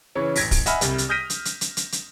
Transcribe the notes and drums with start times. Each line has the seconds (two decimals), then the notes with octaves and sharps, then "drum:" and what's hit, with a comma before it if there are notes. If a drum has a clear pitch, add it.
0.15 C#3 E3 C#4
0.36 A1 G#6 A#6 B6, drum: open hi-hat
0.51 drum: kick, open hi-hat
0.66 D#5 E5 F#5 G#5 B5 F6, drum: hi-hat
0.81 C2 G3, drum: hi-hat
0.98 drum: hi-hat
1.09 D#6 F6 G6 A#6 B6 D#7
1.30 drum: hi-hat
1.45 drum: hi-hat
1.61 drum: hi-hat
1.77 drum: hi-hat
1.92 drum: hi-hat